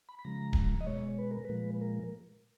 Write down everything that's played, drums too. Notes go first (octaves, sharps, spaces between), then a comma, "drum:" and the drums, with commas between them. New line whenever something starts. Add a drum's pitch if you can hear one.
B5
B5
C#3 F3 G#3 A#5
drum: kick D1
D#5
B2 G#3 C#5
B4
A#4
A#2 F3 G#3 B4
A#4